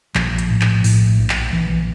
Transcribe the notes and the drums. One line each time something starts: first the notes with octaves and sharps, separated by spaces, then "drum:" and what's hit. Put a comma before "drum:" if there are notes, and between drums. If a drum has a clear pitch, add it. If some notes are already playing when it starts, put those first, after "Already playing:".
A#1 F3, drum: clap
drum: hi-hat
A2
drum: clap
A2, drum: open hi-hat
A#1
drum: clap
A#1 E3
E3